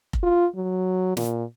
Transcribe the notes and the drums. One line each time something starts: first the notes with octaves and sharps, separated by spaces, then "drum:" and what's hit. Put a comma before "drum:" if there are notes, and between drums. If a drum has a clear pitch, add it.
drum: kick F1
F4
F#3
A#2, drum: snare